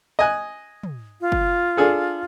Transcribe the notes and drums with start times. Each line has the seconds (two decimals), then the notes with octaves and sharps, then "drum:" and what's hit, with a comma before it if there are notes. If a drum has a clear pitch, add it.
0.19 D#5 G#5 F#6
0.83 drum: tom
1.21 F4
1.32 drum: kick
1.77 D4 G#4 A4